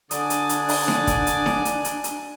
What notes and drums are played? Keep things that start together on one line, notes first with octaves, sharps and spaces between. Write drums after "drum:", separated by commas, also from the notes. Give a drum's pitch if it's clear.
D3 D4 D5 G#5 D#6, drum: hi-hat
drum: hi-hat
drum: hi-hat
drum: open hi-hat
drum: snare D#4
drum: kick, hi-hat
drum: hi-hat
drum: snare D#4
drum: hi-hat
drum: hi-hat
drum: hi-hat